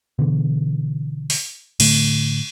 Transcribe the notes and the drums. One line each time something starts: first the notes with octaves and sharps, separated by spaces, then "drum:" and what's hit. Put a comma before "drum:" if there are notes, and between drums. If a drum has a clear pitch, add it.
B2 D3 E3
drum: open hi-hat
A2 D3 A3, drum: cymbal